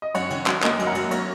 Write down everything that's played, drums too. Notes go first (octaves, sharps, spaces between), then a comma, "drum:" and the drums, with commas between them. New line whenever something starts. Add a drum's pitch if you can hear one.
D#5
F#2 C#5 F#5, drum: cymbal
D#3, drum: cymbal
F#3, drum: clap
A#3 D#5 G#5, drum: clap
F#2, drum: cymbal
F#5 A#5
F#3, drum: cymbal
A#3 C#5, drum: cymbal